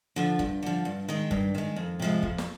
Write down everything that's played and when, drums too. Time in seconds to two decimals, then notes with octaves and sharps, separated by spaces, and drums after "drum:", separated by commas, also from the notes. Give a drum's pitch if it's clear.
0.16 D3 F3
0.39 G2, drum: kick
0.63 D3 F3
0.85 G2
1.09 D#3 G#3
1.31 G2, drum: kick
1.55 D#3 G#3
1.76 F2
2.00 C3 F3 G#3
2.23 F2, drum: kick
2.38 drum: snare